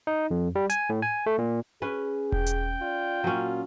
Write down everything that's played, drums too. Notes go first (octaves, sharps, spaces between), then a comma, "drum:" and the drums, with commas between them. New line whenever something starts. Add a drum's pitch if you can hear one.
D#4
F2
G3
G#5, drum: hi-hat
A2
G#5
A3
A#2
C#4 G#4 B4
G5, drum: kick E1
drum: hi-hat
F4 D5
A#2 F#3 C#4